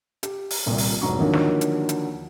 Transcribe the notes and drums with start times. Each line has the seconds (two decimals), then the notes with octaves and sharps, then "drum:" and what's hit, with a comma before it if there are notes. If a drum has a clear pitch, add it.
0.23 G4, drum: hi-hat
0.50 drum: open hi-hat
0.66 D#1 C2 A#2
0.78 drum: open hi-hat
1.02 F1 G#2 F#3 A#5 C#6
1.19 D#2 D3 D#3 F3 F#3 A#3
1.33 drum: snare
1.61 drum: hi-hat
1.89 drum: hi-hat